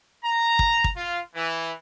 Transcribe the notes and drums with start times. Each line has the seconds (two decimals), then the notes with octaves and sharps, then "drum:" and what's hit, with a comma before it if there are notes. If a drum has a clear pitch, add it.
0.24 A#5
0.59 drum: kick
0.84 drum: kick
0.97 F4
1.35 E3